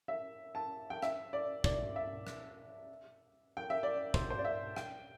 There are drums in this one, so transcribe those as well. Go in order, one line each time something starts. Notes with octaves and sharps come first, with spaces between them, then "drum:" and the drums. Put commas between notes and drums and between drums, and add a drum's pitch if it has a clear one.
E5
A5
G5
E5, drum: rim click
D5
D5, drum: kick
E5
drum: rim click
G5
E5
D5
C5, drum: kick
C5
D5
E5
G5, drum: rim click